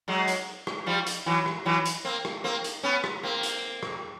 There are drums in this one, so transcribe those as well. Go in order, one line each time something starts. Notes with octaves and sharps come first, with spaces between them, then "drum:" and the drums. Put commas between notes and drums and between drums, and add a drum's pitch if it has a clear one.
F#3 G#3
drum: hi-hat
drum: rim click
F3 G3
drum: hi-hat
E3 F#3
drum: rim click
E3 F#3
drum: hi-hat
A#3 C4
drum: rim click
A#3 C4
drum: hi-hat
B3 C#4
drum: rim click
A#3 C4
drum: hi-hat
drum: rim click